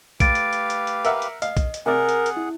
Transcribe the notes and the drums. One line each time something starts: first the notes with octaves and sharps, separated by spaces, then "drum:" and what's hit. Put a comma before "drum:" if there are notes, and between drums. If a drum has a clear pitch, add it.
A3 G4 B4 F5 A6 D7, drum: kick B1, hi-hat
drum: hi-hat
drum: hi-hat
drum: hi-hat
drum: hi-hat
A#4 E5 F#5, drum: hi-hat
drum: hi-hat
D#5 F5, drum: hi-hat
drum: kick B1, hi-hat
drum: hi-hat
C3 G#4 A#4 D5 F#5 G#5
drum: hi-hat
drum: hi-hat
E4